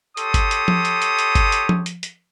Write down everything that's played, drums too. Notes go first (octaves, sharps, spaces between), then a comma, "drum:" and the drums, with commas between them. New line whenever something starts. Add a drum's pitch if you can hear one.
G4 A4 C#5 C6 D#6, drum: hi-hat
drum: kick G1, hi-hat
drum: hi-hat
drum: tom F3
drum: hi-hat
drum: hi-hat
drum: hi-hat
drum: kick G1, hi-hat
drum: hi-hat
drum: tom F3
drum: hi-hat
drum: hi-hat